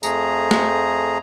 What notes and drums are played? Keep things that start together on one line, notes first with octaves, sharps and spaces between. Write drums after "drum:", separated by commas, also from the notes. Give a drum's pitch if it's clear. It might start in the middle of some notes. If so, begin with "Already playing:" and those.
F2 F3 A3 G#4 A#5, drum: tambourine
drum: snare